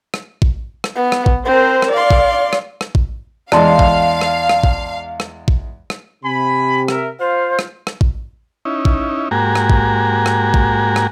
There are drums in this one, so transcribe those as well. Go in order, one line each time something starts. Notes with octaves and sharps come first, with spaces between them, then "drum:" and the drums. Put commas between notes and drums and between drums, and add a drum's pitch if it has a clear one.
drum: rim click
drum: kick A1
drum: rim click
B3
drum: rim click
drum: kick A1
C4 A#4 C5
drum: rim click
D5 F5 C6
drum: kick A1
drum: rim click
drum: rim click
drum: kick A1
E2 G#3 D5 F5 A5 C6, drum: rim click
drum: kick A1
drum: rim click
drum: rim click
drum: kick A1
drum: rim click
drum: kick A1
drum: rim click
C3 G#5 B5
A#4 E5, drum: rim click
F4 C5 F5
drum: rim click
drum: rim click
drum: kick A1
C#4 D#4 E4
drum: kick A1
G#2 A#3 F#4 G4 G#5 A#5
drum: rim click
drum: kick A1
drum: rim click
drum: kick A1
drum: rim click